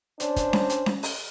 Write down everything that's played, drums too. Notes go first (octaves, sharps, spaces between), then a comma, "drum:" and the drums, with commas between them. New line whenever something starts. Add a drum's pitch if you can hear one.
C#4 D4 C5 D5, drum: hi-hat
drum: kick, hi-hat
drum: snare C#4
drum: hi-hat
drum: snare C#4
drum: open hi-hat